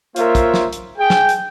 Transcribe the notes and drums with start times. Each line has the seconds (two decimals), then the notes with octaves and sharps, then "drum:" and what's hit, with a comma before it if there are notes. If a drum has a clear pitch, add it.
0.16 A#3 F4 A#4 C5 C#5 E5, drum: hi-hat
0.35 drum: kick, hi-hat
0.54 drum: snare
0.73 drum: hi-hat
0.97 G#4 G5
1.10 drum: snare
1.29 drum: hi-hat